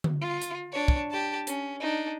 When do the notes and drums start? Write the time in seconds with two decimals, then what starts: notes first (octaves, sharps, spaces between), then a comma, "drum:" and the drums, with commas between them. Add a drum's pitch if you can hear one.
0.04 drum: tom D3
0.21 F4
0.42 drum: hi-hat
0.72 D4 C#5
0.88 drum: kick
1.10 G4 A5
1.47 C#4, drum: hi-hat
1.80 D4 D#4